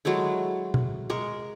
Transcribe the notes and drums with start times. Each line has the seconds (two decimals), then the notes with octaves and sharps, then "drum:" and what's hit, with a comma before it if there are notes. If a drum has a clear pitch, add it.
0.05 F#3 G#3 A3 E4
0.74 drum: tom B2
1.10 G#3 A#4 C#6